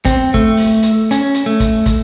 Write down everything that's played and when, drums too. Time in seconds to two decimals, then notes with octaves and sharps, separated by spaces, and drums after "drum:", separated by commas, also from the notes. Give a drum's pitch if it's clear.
0.05 C4, drum: kick, hi-hat
0.34 A3, drum: kick
0.57 drum: open hi-hat
0.83 drum: hi-hat
1.11 C#4, drum: hi-hat
1.34 drum: hi-hat
1.46 A3
1.60 drum: kick, hi-hat
1.86 drum: kick, hi-hat